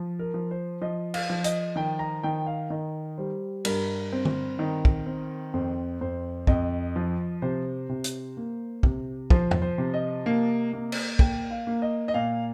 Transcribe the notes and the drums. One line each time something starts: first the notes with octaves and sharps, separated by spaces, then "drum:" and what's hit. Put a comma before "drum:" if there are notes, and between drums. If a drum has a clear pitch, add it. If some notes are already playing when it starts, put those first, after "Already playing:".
Already playing: F3
A#4
F3
C5
F3 D#5
F5, drum: cymbal
F3
D#5, drum: hi-hat
D#3 G5
A#5
D#3 G5
F5
D#3 D#5
G3 C5
G2 A#4, drum: cymbal
C4
drum: tom D3
D#3
drum: kick
C4
F2 C5
F2 C5
F2 D#5, drum: kick
F3
C3 C5
C3
drum: hi-hat
A#3
C3, drum: kick
F3 C5, drum: kick
drum: tom E2
C5
C3
D#5
A#3
A#3
drum: cymbal
A#3 G5, drum: kick
F5
A#3
D#5
D#5
A#2 F5